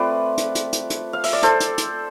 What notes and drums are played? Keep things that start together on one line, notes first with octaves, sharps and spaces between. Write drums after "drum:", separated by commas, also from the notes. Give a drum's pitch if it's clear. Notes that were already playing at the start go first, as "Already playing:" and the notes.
Already playing: A3 C4 F4 B4 D5
drum: hi-hat
drum: hi-hat
drum: hi-hat
drum: hi-hat
F5
E5, drum: open hi-hat
D5
A4 C5, drum: hi-hat
drum: hi-hat
drum: hi-hat